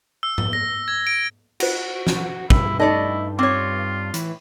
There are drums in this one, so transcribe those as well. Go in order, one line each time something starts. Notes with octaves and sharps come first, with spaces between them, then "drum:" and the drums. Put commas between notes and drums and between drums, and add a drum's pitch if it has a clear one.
E6
drum: tom G#2
A#6
G#6
D7
F4 F#4 C5, drum: cymbal
drum: snare
G2 C#4 E4, drum: kick
A3 D#4 E4 A4 D5 D#5 A5
C4 F4 C#5 D6
A2 E3, drum: hi-hat